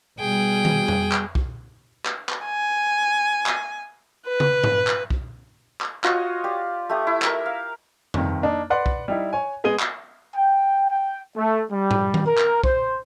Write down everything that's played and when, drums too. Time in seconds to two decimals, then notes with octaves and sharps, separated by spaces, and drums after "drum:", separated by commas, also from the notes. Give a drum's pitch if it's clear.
0.19 B2 G3 G#4 G5
0.65 drum: tom D#3
0.88 drum: tom F2
1.12 drum: clap
1.35 drum: kick
2.06 drum: clap
2.29 drum: clap
2.46 G#5
3.46 drum: clap
4.28 B4
4.40 drum: tom C#3
4.64 drum: tom G#2
4.87 drum: clap
5.10 drum: kick
5.81 drum: clap
6.04 F4 F#4 C#5 D#5, drum: clap
6.44 G4 D5
6.89 A3 G4 D#6
7.07 E4
7.22 A#4 E5, drum: clap
7.46 F5
8.14 G1 C3 D#3, drum: tom F2
8.42 A#3 D4 D#4
8.70 B4 D5 F#5 C6
8.86 drum: kick
9.08 G3 D#4 E4
9.33 C#5 G#5
9.64 G#3 B3 G#4 D#7 G7
9.80 drum: clap
10.35 G5
10.90 G5
11.36 A3
11.72 G3
11.91 drum: tom G#2
12.14 drum: tom D#3
12.26 A#4
12.38 drum: clap
12.64 C5, drum: kick